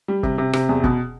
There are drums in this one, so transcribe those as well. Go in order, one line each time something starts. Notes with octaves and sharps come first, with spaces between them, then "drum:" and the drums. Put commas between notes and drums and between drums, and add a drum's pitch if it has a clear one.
G3
C3, drum: kick
C3
C3, drum: rim click
E2
B2, drum: kick